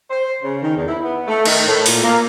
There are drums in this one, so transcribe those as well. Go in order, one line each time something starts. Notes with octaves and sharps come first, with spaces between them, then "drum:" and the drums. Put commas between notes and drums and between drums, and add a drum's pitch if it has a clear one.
C5
C#3
D#3
E2
E4
B3
A3
D#3, drum: cymbal
A2
A#2, drum: open hi-hat
A#3